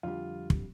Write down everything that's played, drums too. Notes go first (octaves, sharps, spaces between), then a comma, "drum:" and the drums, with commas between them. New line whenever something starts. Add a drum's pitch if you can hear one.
F2 D3 G3 F4
drum: kick